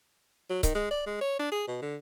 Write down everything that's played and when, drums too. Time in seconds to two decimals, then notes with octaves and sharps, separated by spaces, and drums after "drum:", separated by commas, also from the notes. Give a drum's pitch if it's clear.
0.50 F#3
0.63 D#3, drum: kick C#1, hi-hat
0.75 G#3
0.91 D5
1.06 G#3
1.21 C#5
1.39 D4
1.52 G#4
1.68 B2
1.82 D3